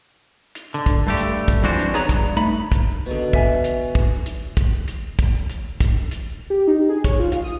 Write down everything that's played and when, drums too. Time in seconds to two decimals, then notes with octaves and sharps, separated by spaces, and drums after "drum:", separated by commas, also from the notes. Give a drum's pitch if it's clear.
0.55 drum: hi-hat
0.74 D3
0.86 drum: kick, hi-hat
1.07 G2 A3 G4
1.17 drum: hi-hat
1.48 drum: kick, hi-hat
1.63 F2 E3 G#3 D4 F#4 C5
1.79 drum: hi-hat
1.94 B3 D#4 G#4 C#5 A#5
2.09 G2, drum: kick, hi-hat
2.37 A3 D#4 B5
2.72 drum: kick, hi-hat
3.06 B2 D3
3.33 E5 G#5, drum: kick
3.64 drum: hi-hat
3.95 drum: kick
4.26 drum: hi-hat
4.57 drum: kick, hi-hat
4.88 drum: hi-hat
5.19 drum: kick, hi-hat
5.50 drum: hi-hat
5.80 drum: kick, hi-hat
6.11 drum: hi-hat
6.50 G4
6.68 D#4
6.89 G#4
7.04 C#5, drum: kick, hi-hat
7.19 F4
7.32 F5, drum: hi-hat
7.44 D#6